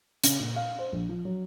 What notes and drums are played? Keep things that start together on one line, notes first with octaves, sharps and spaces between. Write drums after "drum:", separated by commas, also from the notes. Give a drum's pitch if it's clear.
C#3, drum: hi-hat
A#2
F5
C5
A#1
F3
F#3